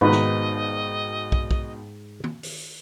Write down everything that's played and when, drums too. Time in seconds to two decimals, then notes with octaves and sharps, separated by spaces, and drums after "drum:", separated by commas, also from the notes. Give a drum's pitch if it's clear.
0.01 G#1 G#2 B2 D#3 D#4 B4 D#5
0.12 drum: snare
1.32 drum: kick
1.51 drum: kick
2.24 drum: tom
2.43 drum: open hi-hat